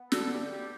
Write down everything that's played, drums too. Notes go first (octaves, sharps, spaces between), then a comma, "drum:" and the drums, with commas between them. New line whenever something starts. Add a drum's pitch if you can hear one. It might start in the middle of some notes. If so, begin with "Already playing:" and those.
Already playing: B3
D3 A4, drum: snare
G2 G4
G3 G4